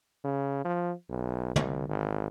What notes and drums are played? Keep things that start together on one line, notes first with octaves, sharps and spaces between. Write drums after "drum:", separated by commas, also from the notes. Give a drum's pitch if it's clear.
C#3
F3
B1
C2, drum: tom
G#1